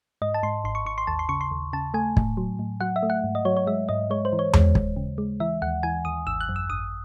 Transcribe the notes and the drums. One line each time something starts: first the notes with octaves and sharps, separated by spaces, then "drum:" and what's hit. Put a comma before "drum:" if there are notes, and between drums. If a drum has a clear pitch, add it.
G#2 D#5
A5
G#2 C6
G#1 C6
C#6
G#1 C#6
C6
D#2 A5
C6
C#3 C#6
C6
D#2
C#3 A5
A3 G#5
A2, drum: kick
F#3
A2
F#3 F#5
E5
A3
F#5
G#2
D#5
F#3 C#5
C#5
G#3 E5
G#2 D#5
G#3 C#5
C5
E3
C#5
G#3, drum: tom E2
D#2, drum: kick
C#3
G#3
E3 E5
D#2 F#5
E3 G#5
D#2 D#6
G#1 E6
F#6
F#2
E6
G#1 D#6